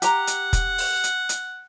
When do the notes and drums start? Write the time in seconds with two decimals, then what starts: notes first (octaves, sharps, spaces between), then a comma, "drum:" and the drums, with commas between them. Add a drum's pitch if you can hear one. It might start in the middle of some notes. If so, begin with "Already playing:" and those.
0.02 G4 F#5 A#5, drum: hi-hat
0.27 drum: hi-hat
0.53 drum: kick, hi-hat
0.78 drum: open hi-hat
1.04 drum: hi-hat
1.29 drum: hi-hat